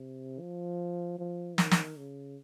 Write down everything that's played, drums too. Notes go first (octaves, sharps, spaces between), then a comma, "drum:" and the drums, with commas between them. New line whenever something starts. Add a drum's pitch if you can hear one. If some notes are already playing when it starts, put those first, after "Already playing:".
Already playing: C3
F3
F3
D#3, drum: snare
drum: snare
C#3